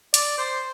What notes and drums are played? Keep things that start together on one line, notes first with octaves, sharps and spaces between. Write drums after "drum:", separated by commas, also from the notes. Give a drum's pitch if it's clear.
D5, drum: hi-hat
C5